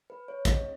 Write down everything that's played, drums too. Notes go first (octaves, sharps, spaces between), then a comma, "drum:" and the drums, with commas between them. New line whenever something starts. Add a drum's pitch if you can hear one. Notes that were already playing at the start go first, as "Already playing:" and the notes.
B4
C#5
D#5, drum: kick, hi-hat